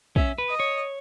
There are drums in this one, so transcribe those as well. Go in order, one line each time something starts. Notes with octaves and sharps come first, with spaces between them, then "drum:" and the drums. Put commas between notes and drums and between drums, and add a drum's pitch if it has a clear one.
C#4 E5, drum: kick
B4
D#5
C#5